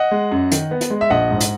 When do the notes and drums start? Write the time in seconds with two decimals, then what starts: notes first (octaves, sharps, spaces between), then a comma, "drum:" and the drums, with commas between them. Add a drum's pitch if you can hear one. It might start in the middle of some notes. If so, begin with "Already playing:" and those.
Already playing: D#5 F#5
0.11 G#3
0.31 F#2
0.52 D#3, drum: hi-hat
0.71 B3
0.81 drum: hi-hat
0.90 G#3
1.01 E5
1.10 A#1 D#5 F#5
1.31 G#2
1.40 drum: hi-hat